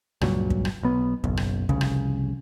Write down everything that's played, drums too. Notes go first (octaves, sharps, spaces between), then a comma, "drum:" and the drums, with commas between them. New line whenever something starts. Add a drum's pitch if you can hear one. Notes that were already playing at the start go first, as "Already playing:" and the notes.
C#2 G2 A#2 F#3, drum: rim click
drum: kick
drum: rim click
B1 B3
F#1 B1, drum: kick
drum: rim click
F1 C2 C#3, drum: kick
drum: rim click